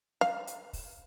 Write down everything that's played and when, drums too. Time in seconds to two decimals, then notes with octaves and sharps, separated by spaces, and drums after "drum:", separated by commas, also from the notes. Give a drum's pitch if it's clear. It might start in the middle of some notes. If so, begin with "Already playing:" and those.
0.21 F5, drum: snare
0.47 drum: hi-hat
0.73 drum: kick, open hi-hat